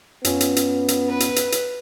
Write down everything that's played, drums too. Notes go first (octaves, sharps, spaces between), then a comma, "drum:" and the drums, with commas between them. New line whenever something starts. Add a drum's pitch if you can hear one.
F#2 B3 C#4 F4, drum: hi-hat
drum: hi-hat
drum: hi-hat
drum: hi-hat
B4
drum: hi-hat
drum: hi-hat
drum: hi-hat